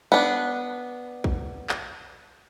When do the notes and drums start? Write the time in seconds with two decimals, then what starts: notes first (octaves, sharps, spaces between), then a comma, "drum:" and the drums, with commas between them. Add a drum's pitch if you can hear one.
0.12 B3 D4
1.24 drum: kick
1.69 drum: clap